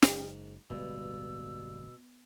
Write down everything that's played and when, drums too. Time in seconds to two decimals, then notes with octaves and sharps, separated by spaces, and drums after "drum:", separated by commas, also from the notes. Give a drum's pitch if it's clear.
0.02 F#1 G#2, drum: snare
0.70 D1 G1 G2 B2 G#3 E6